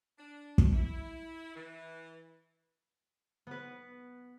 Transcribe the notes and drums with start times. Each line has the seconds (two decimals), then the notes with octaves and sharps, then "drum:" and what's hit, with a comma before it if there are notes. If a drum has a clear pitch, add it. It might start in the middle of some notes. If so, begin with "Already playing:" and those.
0.19 D4
0.58 drum: kick
0.73 E4
1.56 E3
3.47 B3 B4